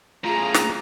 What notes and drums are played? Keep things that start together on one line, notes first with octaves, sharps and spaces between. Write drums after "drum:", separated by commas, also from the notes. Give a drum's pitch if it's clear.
A2 C#3 F4 G#4 A#5
drum: snare